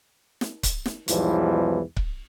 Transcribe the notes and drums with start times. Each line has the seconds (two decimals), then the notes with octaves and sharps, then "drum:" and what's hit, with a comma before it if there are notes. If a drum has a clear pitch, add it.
0.41 drum: snare
0.63 drum: kick C#1, hi-hat
0.86 drum: snare
1.08 B1 E2 G#2 E3 F3 G3, drum: hi-hat
1.97 drum: kick C#1